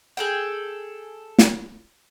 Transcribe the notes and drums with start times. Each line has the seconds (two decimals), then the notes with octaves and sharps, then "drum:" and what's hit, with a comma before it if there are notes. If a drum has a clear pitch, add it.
0.17 G#4 A4 G5
1.39 drum: snare